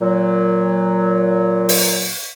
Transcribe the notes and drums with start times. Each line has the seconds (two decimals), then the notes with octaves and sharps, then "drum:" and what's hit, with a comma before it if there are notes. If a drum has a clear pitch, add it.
0.01 A#2 F#3
1.69 drum: open hi-hat